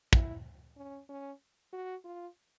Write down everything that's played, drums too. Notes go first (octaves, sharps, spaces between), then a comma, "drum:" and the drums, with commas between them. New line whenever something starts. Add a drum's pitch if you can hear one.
E4, drum: kick
C#4
C#4
F#4
F4